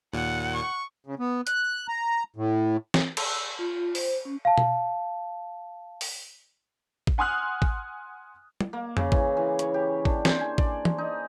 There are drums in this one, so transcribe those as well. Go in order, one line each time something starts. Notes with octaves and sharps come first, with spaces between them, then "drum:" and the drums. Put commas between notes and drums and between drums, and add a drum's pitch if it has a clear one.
D#2 A#2 F#5
C#6
C#3
B3
F#6, drum: hi-hat
A#5
A2
drum: snare
E6, drum: cymbal
F4
C5, drum: open hi-hat
C#4
F5 A5
drum: tom B2
drum: open hi-hat
drum: kick
F#5 G#5 C6 D#6 F6 F#6
drum: kick
drum: tom
A#3
C#3, drum: tom F2
E3, drum: kick
E3
C#5, drum: hi-hat
G4
D4, drum: kick
C5, drum: snare
G#5
D5, drum: kick
drum: tom
D#4